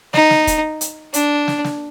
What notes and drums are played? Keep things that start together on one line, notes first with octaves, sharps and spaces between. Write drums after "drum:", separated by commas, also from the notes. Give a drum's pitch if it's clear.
D#4, drum: snare
drum: snare
drum: kick, hi-hat
drum: hi-hat
D4, drum: hi-hat
drum: snare
drum: snare